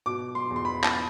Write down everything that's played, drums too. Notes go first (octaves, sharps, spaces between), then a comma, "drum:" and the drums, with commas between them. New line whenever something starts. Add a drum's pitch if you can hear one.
B2 D6
C6
E2
C6
B5
A5, drum: clap